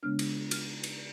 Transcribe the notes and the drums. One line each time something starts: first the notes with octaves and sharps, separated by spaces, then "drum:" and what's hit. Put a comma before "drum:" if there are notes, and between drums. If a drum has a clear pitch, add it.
C#3 G#3 B3 D4 F6
drum: cymbal
F6, drum: cymbal
drum: cymbal